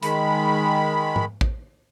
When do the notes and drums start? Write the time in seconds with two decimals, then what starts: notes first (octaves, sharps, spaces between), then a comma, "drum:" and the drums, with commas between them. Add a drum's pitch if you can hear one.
0.03 D#3 G#3 B5, drum: hi-hat
1.16 drum: tom
1.41 drum: kick